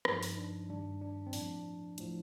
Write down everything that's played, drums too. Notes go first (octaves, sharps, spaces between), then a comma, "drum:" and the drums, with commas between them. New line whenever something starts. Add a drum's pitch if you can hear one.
G2 F3 D#4, drum: rim click
drum: open hi-hat
D4
G2 D#3 G3 D4
D4
C4
A2 F3 D4, drum: open hi-hat
A2 F3, drum: hi-hat